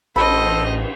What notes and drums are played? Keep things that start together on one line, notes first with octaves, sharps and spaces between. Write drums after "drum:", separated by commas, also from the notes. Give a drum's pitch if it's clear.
A1 A4 C5 D#5 B5, drum: cymbal